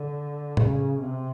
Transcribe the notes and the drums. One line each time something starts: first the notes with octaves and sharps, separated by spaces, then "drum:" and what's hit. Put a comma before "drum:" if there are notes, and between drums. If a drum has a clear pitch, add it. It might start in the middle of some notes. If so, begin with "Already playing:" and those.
Already playing: D3
C#3, drum: tom A2
C3